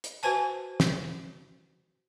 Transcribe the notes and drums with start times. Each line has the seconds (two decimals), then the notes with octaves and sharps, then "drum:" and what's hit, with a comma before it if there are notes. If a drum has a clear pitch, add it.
0.04 drum: hi-hat
0.23 F#4 B4 C5 G#5 A5, drum: tambourine
0.80 drum: snare